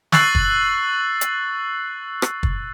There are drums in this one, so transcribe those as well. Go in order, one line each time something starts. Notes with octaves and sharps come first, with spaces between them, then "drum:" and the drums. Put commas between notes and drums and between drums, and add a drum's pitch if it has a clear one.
C#6 E6 F#6 A6 C7 F#7, drum: snare
drum: kick
drum: hi-hat
drum: rim click
drum: kick